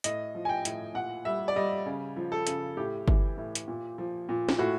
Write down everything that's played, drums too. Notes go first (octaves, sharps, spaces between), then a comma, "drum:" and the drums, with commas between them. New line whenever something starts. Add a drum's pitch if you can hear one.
A2 D#5, drum: hi-hat
F3
G#5
G5
A2, drum: hi-hat
A#2 F#5
G3 E5
D5
G3 D#5
C#3
F3
A4
C#3, drum: hi-hat
A2 G4
E3, drum: kick G1
A2
drum: hi-hat
A#2
F3
A#2
drum: snare
A2 F#4